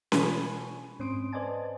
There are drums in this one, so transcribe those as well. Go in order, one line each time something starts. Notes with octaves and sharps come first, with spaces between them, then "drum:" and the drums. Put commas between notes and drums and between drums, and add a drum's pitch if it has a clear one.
B2 E3 G#5 B5 C#6 D#7, drum: snare C#4
G#2 C4 C#4 C6 D#6 D7
B4 C5 D5 D#5 G#5 A5